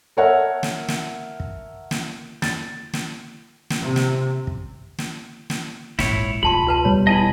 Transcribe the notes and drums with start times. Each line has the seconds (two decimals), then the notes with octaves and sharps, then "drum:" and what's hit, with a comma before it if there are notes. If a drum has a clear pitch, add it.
0.17 A4 A#4 C#5 E5 F#5
0.63 drum: snare
0.88 drum: snare
1.40 drum: kick
1.91 drum: snare
2.42 A6, drum: snare
2.93 drum: snare
3.70 drum: snare
3.82 C3
3.96 drum: snare
4.47 drum: kick
4.98 drum: snare
5.50 drum: snare
5.99 A#1 G#2 E4 C#5, drum: snare
6.43 F1 D2 F4 A5 B5 C6
6.67 F4 B4 A5
6.85 E2 B2 G3 C#5
7.07 E4 D#5 G#5 A5 B5